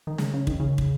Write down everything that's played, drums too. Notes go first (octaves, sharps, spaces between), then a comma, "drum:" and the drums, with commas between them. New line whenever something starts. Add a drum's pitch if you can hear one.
D#3
C#3, drum: snare
C#3
D#3, drum: kick
C#3
drum: kick